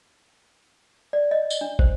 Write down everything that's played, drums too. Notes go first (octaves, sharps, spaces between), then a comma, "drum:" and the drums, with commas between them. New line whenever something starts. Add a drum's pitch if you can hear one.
D5
D#5
drum: tambourine
D4
C5, drum: kick